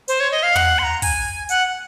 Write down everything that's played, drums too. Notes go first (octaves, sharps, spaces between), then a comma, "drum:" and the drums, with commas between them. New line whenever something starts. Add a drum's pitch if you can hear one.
C5, drum: hi-hat
C#5
D#5
F5
F#5, drum: tom
C6
A#5
G#5, drum: kick, open hi-hat
F#5, drum: hi-hat